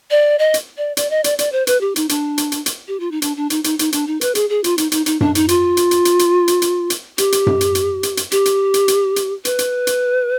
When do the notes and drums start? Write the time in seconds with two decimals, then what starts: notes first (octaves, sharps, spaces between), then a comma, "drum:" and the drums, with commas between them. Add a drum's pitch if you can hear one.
0.11 D5
0.39 D#5
0.54 drum: hi-hat
0.78 D5
0.97 D5, drum: hi-hat
1.10 D#5
1.24 D5, drum: hi-hat
1.39 D5, drum: hi-hat
1.52 C5
1.67 B4, drum: hi-hat
1.81 G4
1.96 D#4, drum: hi-hat
2.09 D4, drum: hi-hat
2.38 drum: hi-hat
2.52 drum: hi-hat
2.66 drum: hi-hat
2.88 G4
3.00 F4
3.11 D#4
3.22 D4, drum: hi-hat
3.37 D4
3.50 D#4, drum: hi-hat
3.64 D#4, drum: hi-hat
3.79 D#4, drum: hi-hat
3.92 D4, drum: hi-hat
4.07 D#4
4.21 B4, drum: hi-hat
4.35 G#4, drum: hi-hat
4.50 G#4
4.64 F4, drum: hi-hat
4.78 D#4, drum: hi-hat
4.92 D#4, drum: hi-hat
5.06 D#4, drum: hi-hat
5.21 D4, drum: tom F#2
5.35 D#4, drum: hi-hat
5.49 F4, drum: hi-hat
5.77 drum: hi-hat
5.91 drum: hi-hat
6.05 drum: hi-hat
6.19 drum: hi-hat
6.48 drum: hi-hat
6.62 drum: hi-hat
6.90 drum: hi-hat
7.18 G4, drum: hi-hat
7.32 drum: hi-hat
7.47 drum: tom F#2
7.61 drum: hi-hat
7.75 drum: hi-hat
8.03 drum: hi-hat
8.17 drum: hi-hat
8.32 G4, drum: hi-hat
8.45 drum: hi-hat
8.74 drum: hi-hat
8.88 drum: hi-hat
9.16 drum: hi-hat
9.45 B4, drum: hi-hat
9.59 drum: hi-hat
9.87 drum: hi-hat